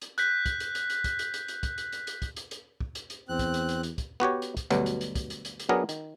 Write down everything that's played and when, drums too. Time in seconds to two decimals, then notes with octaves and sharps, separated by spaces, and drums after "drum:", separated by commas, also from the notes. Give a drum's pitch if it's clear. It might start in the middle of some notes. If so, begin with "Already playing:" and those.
0.02 drum: hi-hat
0.18 F#6 G6 B6, drum: hi-hat
0.46 drum: kick, hi-hat
0.60 drum: hi-hat
0.75 drum: hi-hat
0.90 drum: hi-hat
1.04 drum: kick, hi-hat
1.19 drum: hi-hat
1.34 drum: hi-hat
1.48 drum: hi-hat
1.63 drum: kick, hi-hat
1.78 drum: hi-hat
1.92 drum: hi-hat
2.07 drum: hi-hat
2.22 drum: kick, hi-hat
2.36 drum: hi-hat
2.51 drum: hi-hat
2.81 drum: kick
2.95 drum: hi-hat
3.10 drum: hi-hat
3.29 E2 C4 F#6
3.39 drum: kick, hi-hat
3.54 drum: hi-hat
3.69 drum: hi-hat
3.83 drum: hi-hat
3.98 drum: kick, hi-hat
4.20 B3 F#4 G4 C#5
4.42 drum: hi-hat
4.57 drum: kick, hi-hat
4.70 D2 G2 B2 F#3, drum: hi-hat
4.86 drum: hi-hat
5.01 drum: hi-hat
5.15 drum: kick, hi-hat
5.30 drum: hi-hat
5.45 drum: hi-hat
5.59 drum: hi-hat
5.69 F#3 B3 D4 G#4 A#4
5.89 D#3, drum: hi-hat